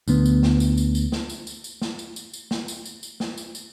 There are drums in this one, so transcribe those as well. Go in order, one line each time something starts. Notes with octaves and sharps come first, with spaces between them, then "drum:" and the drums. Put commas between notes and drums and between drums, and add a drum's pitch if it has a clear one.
D2 D3 B3, drum: tambourine
drum: tambourine
drum: snare
drum: tambourine
drum: tambourine
drum: tambourine
drum: snare
drum: tambourine
drum: tambourine
drum: tambourine
drum: snare
drum: tambourine
drum: tambourine
drum: tambourine
drum: snare
drum: tambourine
drum: tambourine
drum: tambourine
drum: snare
drum: tambourine
drum: tambourine